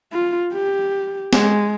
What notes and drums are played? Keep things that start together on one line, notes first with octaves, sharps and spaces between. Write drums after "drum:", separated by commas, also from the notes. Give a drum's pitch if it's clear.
F4
G4
G#3, drum: snare